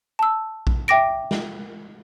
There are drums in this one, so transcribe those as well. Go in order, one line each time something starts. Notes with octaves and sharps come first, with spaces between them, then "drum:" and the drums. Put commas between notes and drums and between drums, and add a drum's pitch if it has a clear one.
A5 E6
drum: kick A#1
E5 G5 D6 A#6 D7
drum: snare